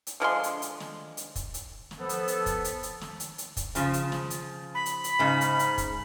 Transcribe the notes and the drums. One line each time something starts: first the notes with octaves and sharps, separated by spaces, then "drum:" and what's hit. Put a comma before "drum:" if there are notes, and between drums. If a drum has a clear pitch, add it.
drum: hi-hat
D3 F3 G#3 C6
drum: hi-hat
drum: hi-hat
drum: snare
drum: hi-hat
drum: kick, hi-hat
drum: hi-hat
drum: snare
F3 B3 A4
drum: hi-hat
drum: hi-hat
drum: kick, hi-hat
drum: hi-hat
drum: hi-hat
drum: snare
drum: hi-hat
drum: hi-hat
drum: kick, hi-hat
C#3 F3, drum: hi-hat
drum: hi-hat
drum: snare
drum: hi-hat
B5
drum: hi-hat
drum: hi-hat
G#2 C#3
drum: hi-hat
drum: hi-hat
drum: kick, hi-hat